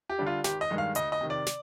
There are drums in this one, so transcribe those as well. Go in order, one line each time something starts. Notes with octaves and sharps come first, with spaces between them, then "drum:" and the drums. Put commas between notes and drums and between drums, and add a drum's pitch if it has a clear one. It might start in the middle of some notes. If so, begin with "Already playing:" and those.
G4
D3 G3 D4
F4
G#1 G4, drum: snare
D#5
G2 D#3 G#3
F5
D2 D#5, drum: hi-hat
D#5
C3 D#3
D5
drum: snare